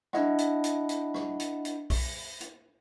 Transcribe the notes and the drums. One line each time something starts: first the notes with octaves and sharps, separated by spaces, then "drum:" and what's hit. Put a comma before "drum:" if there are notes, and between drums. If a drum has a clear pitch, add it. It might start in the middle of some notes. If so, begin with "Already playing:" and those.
D4 E4 D#5 F#5, drum: rim click
drum: hi-hat
drum: hi-hat
drum: hi-hat
drum: rim click
drum: hi-hat
drum: hi-hat
drum: kick, open hi-hat
drum: hi-hat